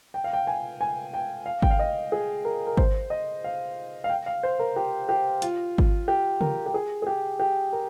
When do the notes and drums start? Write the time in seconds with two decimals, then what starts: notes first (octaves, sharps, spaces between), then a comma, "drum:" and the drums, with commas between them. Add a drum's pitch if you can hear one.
0.14 G5
0.24 F5
0.33 G5
0.47 G#5
0.81 G#5
1.14 G5
1.46 F5
1.62 G5, drum: kick G#1
1.71 F5
1.79 D#5
2.12 G#4
2.45 A#4
2.67 A#4
2.77 C5, drum: kick G#1
3.10 D#5
3.44 F5
4.04 F5
4.09 G5
4.26 F5
4.43 C5
4.59 A#4
4.76 G4
5.09 G4
5.42 F4, drum: hi-hat
5.78 drum: kick G#1
6.08 G4
6.41 A#4, drum: tom C#3
6.66 G4
6.74 G#4
7.02 G#4
7.07 G4
7.40 G4
7.73 A#4